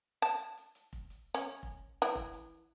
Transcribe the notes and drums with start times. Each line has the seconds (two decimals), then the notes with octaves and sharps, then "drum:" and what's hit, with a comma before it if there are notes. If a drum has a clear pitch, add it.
0.22 A5, drum: hi-hat
0.57 drum: hi-hat
0.75 drum: hi-hat
0.93 drum: kick F1, hi-hat
1.10 drum: hi-hat
1.35 C#4
1.63 drum: kick F1
2.02 E3
2.15 drum: kick F1, hi-hat
2.33 drum: hi-hat